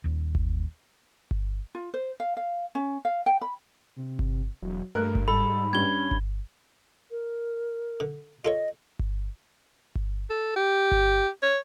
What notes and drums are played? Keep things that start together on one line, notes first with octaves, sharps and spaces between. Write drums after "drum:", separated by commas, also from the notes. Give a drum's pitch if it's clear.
D#1 D#2
drum: kick G1
drum: kick G1
F4
C5
F5
F5
C#4
F5
G5
B5
C3
drum: kick G1
E1 F#3
G2 A3 A#4 F#6
drum: kick G1
G#2 G3 A4 B5
G2 G3 C#4 G#6 G7
drum: kick G1
A#4
D3
F4 A4 C#5 D#5
drum: kick G1
drum: kick G1
A4
G4
drum: kick G1
C#5